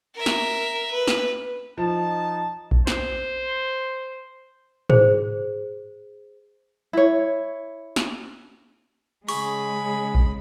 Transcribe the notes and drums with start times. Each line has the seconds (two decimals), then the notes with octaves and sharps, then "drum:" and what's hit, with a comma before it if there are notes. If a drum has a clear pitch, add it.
0.15 A#4 E5
0.26 drum: snare
0.91 B4
1.08 drum: snare
1.78 F3 D#4 A5
2.71 drum: kick A#1
2.87 C5, drum: snare
4.90 G#4 C5, drum: tom G#2
6.93 E4 C#5
7.96 drum: snare
9.29 C#3 G#3 G#4 B5 C#6, drum: open hi-hat
10.15 drum: kick A#1